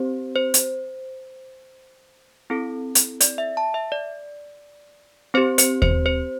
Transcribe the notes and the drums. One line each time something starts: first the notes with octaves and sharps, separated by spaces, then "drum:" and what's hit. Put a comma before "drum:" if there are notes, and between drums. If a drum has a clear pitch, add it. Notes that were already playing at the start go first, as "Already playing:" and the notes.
Already playing: C4 G4 C5
C5
drum: hi-hat
C4 E4 A4
drum: hi-hat
D5, drum: hi-hat
E5
A5
E5
D5
C4 G4 C5
C5, drum: hi-hat
C5, drum: kick D#2
C5